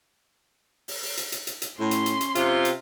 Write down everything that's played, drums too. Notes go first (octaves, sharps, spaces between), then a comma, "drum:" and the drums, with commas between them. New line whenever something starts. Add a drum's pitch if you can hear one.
drum: open hi-hat
drum: open hi-hat
drum: hi-hat
drum: hi-hat
drum: hi-hat
drum: hi-hat
A2 C#4 C6
drum: hi-hat
drum: hi-hat
drum: hi-hat
C3 F4, drum: hi-hat
drum: hi-hat